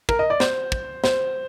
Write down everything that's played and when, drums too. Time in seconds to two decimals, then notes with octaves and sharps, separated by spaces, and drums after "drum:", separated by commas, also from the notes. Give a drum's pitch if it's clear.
0.09 A#4, drum: kick
0.19 D#5
0.30 D5
0.40 C5, drum: snare
0.72 drum: kick
1.04 C5, drum: snare